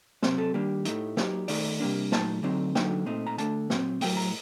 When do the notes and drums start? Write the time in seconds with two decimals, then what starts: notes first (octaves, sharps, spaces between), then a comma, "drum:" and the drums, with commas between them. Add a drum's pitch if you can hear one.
0.23 C3 F#3 C4 C5, drum: snare
0.38 A4
0.54 D#3 G3 A#3 D4 G4
0.85 A2 A3 D#4, drum: hi-hat
1.17 F#3 A#3 D#4 G4, drum: snare
1.48 D#3 A3 D#4 D5, drum: open hi-hat
1.80 C3 G3 A#3 D4
2.12 A#2 F#3 A3 D#4 A5, drum: snare
2.43 D3 F#3 C4 D#4
2.75 D3 F#3 A#3 D#4 G5, drum: snare
3.06 A#2 A3 C4 D#4
3.27 A#5
3.38 D3 A3 D4 A5, drum: hi-hat
3.70 A#2 F#3 C4, drum: snare
4.01 A2 F#3 A#3 G5, drum: open hi-hat
4.17 A#5